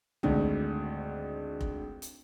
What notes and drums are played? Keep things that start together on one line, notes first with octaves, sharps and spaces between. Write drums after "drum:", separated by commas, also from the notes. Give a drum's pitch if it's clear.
G#1 D2, drum: tom
drum: kick F1
drum: hi-hat